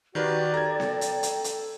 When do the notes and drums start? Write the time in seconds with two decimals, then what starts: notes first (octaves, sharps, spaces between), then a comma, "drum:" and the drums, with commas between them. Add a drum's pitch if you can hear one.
0.15 D#3 F#4 G4 A#4 B4 D5
0.54 A4 G5 A#5 G#6
0.80 drum: snare B3
1.01 drum: hi-hat
1.23 drum: hi-hat
1.44 drum: hi-hat